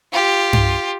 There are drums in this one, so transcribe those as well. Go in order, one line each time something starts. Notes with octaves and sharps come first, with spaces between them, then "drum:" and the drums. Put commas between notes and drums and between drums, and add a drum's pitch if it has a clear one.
F4 G4
drum: tom G2